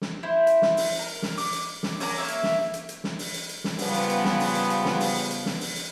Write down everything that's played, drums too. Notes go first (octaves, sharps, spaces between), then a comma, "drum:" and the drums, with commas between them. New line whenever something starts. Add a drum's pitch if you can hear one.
drum: snare
E4 C5
drum: hi-hat
drum: snare
drum: open hi-hat
A#4
drum: snare
D6, drum: open hi-hat
drum: hi-hat
drum: snare
C#4 A#4 D5 A#5, drum: open hi-hat
A#3 C#4 C#5 E5
drum: hi-hat
drum: snare
drum: hi-hat
drum: hi-hat
drum: snare
drum: open hi-hat
drum: hi-hat
drum: hi-hat
drum: snare
C#3 F3 G3 B3, drum: open hi-hat
drum: hi-hat
drum: hi-hat
drum: snare
drum: open hi-hat
drum: hi-hat
drum: hi-hat
drum: snare
drum: open hi-hat
drum: hi-hat
drum: hi-hat
drum: snare
drum: open hi-hat
drum: hi-hat